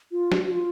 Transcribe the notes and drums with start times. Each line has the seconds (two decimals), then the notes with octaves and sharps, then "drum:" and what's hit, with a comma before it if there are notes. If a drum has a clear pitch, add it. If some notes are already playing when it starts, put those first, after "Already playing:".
0.12 F4
0.32 F#4, drum: snare
0.46 F#4
0.51 F4